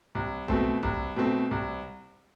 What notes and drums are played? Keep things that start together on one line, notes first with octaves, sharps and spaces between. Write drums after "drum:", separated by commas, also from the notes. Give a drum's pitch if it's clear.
C2
B2 A3 C4, drum: kick
C2, drum: kick
B2 A3 C4
C2